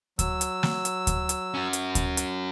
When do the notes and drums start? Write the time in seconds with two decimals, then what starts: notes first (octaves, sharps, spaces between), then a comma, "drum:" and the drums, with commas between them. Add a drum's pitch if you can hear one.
0.19 F#3 E6, drum: kick D2, hi-hat
0.41 drum: hi-hat
0.63 drum: snare
0.85 drum: hi-hat
1.07 drum: kick D2, hi-hat
1.29 drum: hi-hat
1.54 C#4 F#4
1.73 drum: hi-hat
1.95 drum: kick D2, hi-hat
2.17 drum: hi-hat